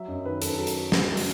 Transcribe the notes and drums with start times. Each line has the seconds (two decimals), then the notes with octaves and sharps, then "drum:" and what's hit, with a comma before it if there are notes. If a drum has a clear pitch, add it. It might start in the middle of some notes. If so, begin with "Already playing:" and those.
Already playing: F#3 E5
0.08 F#2 D#5
0.25 D#3 B4
0.42 F#2 A4, drum: hi-hat
0.49 B4
0.57 F#3 A4
0.67 drum: hi-hat
0.92 drum: snare
1.17 drum: open hi-hat